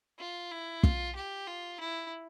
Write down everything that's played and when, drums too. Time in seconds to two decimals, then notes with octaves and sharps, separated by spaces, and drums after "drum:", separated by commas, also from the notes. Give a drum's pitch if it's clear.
0.19 F4
0.51 E4
0.83 F4, drum: kick
1.16 G4
1.48 F4
1.80 E4